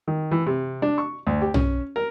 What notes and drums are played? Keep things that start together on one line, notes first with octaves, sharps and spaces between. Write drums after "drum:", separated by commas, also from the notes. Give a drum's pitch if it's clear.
D#3
E3
C3
D4
C#6
D2
G4
C#4, drum: tom
A#4